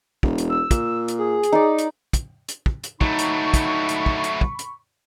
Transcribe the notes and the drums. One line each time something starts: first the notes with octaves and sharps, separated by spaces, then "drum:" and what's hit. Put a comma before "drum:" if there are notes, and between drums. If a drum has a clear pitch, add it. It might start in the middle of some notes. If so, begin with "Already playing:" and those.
E1, drum: kick
drum: hi-hat
E6
A#2, drum: kick, hi-hat
drum: hi-hat
G#4
drum: hi-hat
D#4 D5
drum: hi-hat
drum: kick, hi-hat
drum: hi-hat
drum: kick
drum: hi-hat
F#3 A3 D#4 B5 C#6, drum: kick
drum: hi-hat
drum: kick, hi-hat
drum: hi-hat
drum: kick
drum: hi-hat
drum: kick
drum: hi-hat